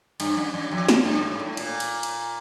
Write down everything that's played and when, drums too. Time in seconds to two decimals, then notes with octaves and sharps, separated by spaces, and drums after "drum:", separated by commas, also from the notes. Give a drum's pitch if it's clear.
0.20 G2, drum: cymbal
0.37 F#2
0.54 F#2
0.71 F2
0.89 F#2, drum: snare
1.05 G2
1.15 A2
1.22 G#2
1.39 A2
1.57 A#2, drum: cymbal
1.80 drum: cymbal
2.03 drum: cymbal